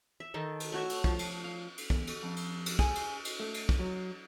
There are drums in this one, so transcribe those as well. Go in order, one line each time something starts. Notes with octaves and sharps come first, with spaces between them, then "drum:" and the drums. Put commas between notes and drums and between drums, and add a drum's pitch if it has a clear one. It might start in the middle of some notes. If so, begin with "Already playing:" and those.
E5
D#3 D#4 A4
drum: cymbal
A3 F#4 C#5 E5
drum: cymbal
F3, drum: kick
drum: cymbal
F5
drum: cymbal
E2, drum: kick
drum: cymbal
F2
drum: cymbal
drum: cymbal
G#4, drum: kick
drum: cymbal
drum: cymbal
A3
drum: cymbal
drum: kick
F#3